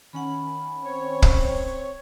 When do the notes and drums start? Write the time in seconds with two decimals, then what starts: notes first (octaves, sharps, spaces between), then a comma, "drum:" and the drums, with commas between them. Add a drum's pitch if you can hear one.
0.13 D#3 C#4 F#5 B5
0.84 C4 C#5
1.22 drum: kick